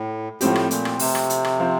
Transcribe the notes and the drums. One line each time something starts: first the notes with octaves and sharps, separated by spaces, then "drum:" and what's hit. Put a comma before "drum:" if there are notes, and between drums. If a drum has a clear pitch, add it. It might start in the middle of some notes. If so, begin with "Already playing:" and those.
Already playing: A2
A2 F3 A3 C4 G4, drum: hi-hat
drum: rim click
A#2, drum: hi-hat
drum: rim click
C3, drum: open hi-hat
drum: rim click
drum: hi-hat
drum: rim click
F3 C4 F4